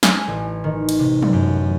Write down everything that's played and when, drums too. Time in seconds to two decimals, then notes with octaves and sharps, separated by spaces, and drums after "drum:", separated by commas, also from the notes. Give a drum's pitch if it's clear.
0.03 G#5, drum: snare
0.28 A1
0.64 D#3
0.89 drum: cymbal
0.99 C3
1.22 drum: tom F3
1.33 F#2